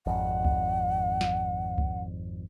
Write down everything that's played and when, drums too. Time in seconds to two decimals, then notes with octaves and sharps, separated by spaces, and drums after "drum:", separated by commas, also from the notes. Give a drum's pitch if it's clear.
0.07 G#1 F2 F#5
0.45 drum: kick C#2
1.21 drum: snare
1.78 drum: kick C#2